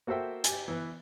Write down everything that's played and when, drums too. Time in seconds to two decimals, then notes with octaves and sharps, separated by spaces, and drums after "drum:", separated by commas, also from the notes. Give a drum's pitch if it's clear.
0.07 A#3 F#4 A4 C5 E5 G5
0.44 G4 G#5, drum: hi-hat
0.68 E3 B3